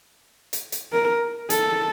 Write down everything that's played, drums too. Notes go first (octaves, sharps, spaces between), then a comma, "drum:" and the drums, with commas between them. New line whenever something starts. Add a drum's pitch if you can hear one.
drum: hi-hat
drum: hi-hat
A#4
A4, drum: hi-hat